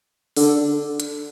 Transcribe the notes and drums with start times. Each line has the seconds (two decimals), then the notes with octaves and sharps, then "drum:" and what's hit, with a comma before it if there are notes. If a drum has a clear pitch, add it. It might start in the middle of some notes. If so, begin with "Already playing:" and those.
0.36 D3, drum: open hi-hat
1.00 drum: hi-hat